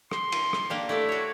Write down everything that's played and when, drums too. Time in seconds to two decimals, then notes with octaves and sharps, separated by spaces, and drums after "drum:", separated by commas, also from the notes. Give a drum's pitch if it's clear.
0.11 C6, drum: rim click
0.32 drum: cymbal
0.53 drum: rim click
0.70 A#3 D4 G4
0.89 A3 E4 D5 E5
1.09 F#4 C#5